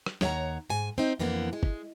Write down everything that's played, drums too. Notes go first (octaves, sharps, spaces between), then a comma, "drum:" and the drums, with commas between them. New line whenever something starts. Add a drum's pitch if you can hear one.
drum: rim click
D#2 C#5 E5 F#5 A#5, drum: snare
G#2 G#5
C4 D#4
F2 D3 E3 A#3 B3
G#3
drum: kick